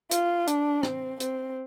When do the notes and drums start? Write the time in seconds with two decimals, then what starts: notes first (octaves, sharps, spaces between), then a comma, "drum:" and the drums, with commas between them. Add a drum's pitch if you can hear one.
0.11 F4, drum: hi-hat
0.47 D4, drum: hi-hat
0.83 C4, drum: rim click
1.20 C4, drum: hi-hat